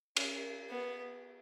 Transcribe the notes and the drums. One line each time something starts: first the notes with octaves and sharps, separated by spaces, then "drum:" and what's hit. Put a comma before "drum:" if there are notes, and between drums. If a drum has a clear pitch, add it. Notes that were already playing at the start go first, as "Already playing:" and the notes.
C#4, drum: cymbal
B3